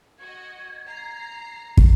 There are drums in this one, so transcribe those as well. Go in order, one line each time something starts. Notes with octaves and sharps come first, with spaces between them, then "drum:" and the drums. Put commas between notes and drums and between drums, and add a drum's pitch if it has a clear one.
F#4 D#5 G#6
A#5 C7
drum: kick